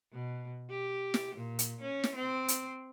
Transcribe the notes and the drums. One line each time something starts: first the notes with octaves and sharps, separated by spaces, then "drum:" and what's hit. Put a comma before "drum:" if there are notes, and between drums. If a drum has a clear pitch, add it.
B2
G4
drum: snare
A#2
drum: hi-hat
C#4
drum: snare
C4
drum: hi-hat